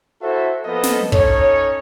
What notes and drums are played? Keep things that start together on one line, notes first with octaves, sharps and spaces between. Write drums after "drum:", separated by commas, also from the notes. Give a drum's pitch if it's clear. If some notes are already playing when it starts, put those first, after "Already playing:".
E4 F#4 A4 C5 E5
F3 A#3 B3 A4 B4 D#5
drum: snare
C#4 D#4 A4 C#5, drum: kick